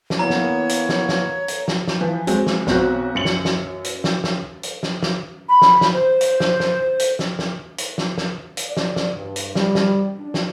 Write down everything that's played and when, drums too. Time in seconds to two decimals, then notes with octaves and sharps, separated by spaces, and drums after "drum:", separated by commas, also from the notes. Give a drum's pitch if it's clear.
0.10 drum: snare
0.19 E3 A#3 B3 C#5 A#5
0.30 drum: snare
0.69 drum: hi-hat
0.89 drum: snare
1.09 drum: snare
1.48 drum: hi-hat
1.68 drum: snare
1.87 drum: snare
2.01 E3 F3
2.27 F#3 G#3 C4, drum: hi-hat
2.47 drum: snare
2.67 B1 C4 F#4, drum: snare
3.15 F#2 C#7 F#7
3.25 drum: snare
3.45 drum: snare
3.84 drum: hi-hat
4.04 drum: snare
4.24 drum: snare
4.63 drum: hi-hat
4.83 drum: snare
5.03 drum: snare
5.49 B5
5.62 drum: snare
5.81 drum: snare
5.93 C5
6.21 drum: hi-hat
6.40 drum: snare
6.60 drum: snare
6.99 drum: hi-hat
7.19 drum: snare
7.39 drum: snare
7.78 drum: hi-hat
7.98 drum: snare
8.18 drum: snare
8.57 drum: hi-hat
8.67 D5
8.77 drum: snare
8.96 drum: snare
9.15 G2
9.36 drum: hi-hat
9.55 G3, drum: snare
9.75 drum: snare
10.19 D4
10.34 drum: snare